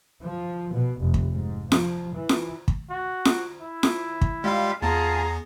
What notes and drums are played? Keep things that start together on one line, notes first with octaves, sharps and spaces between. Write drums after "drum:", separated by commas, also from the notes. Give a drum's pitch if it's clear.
F3
B2
F1
drum: kick
G#2
F3, drum: snare F4
E3
drum: snare F4
drum: kick
F#4
drum: snare F4
E4
drum: snare F4
drum: kick
G3 G#3 F4 F5 B5
E2 B3 F4 G#4 A5 A#5